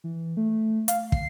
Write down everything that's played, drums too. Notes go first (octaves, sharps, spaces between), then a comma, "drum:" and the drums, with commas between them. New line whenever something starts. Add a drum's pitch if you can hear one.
E3
A3
F5, drum: hi-hat
C7, drum: kick